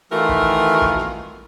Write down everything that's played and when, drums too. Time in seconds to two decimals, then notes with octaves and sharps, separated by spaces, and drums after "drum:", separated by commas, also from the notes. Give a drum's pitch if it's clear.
0.12 D#3 E3 A3 F4 F#4 A#4
0.29 drum: kick A1
0.82 drum: kick A1
0.99 drum: snare